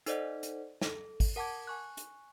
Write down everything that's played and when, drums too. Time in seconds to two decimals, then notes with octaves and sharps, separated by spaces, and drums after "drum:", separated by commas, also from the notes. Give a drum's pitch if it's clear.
0.06 D#4 A4 C5 D5 D#5 F#5, drum: hi-hat
0.43 drum: hi-hat
0.81 A4, drum: snare
1.20 drum: kick G#1, open hi-hat
1.36 A#4 F#5 A5 D6 G#6
1.67 G#5 C#6 F#6
1.97 drum: hi-hat